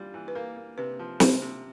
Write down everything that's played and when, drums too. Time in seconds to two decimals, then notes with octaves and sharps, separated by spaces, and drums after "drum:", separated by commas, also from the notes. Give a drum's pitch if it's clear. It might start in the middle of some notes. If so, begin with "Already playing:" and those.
Already playing: E3 G3 F4
0.14 E3
0.28 B4
0.35 A#3 A#4
0.57 A#3
0.78 C3 B4
0.99 F3
1.20 C3 C5, drum: snare
1.42 C3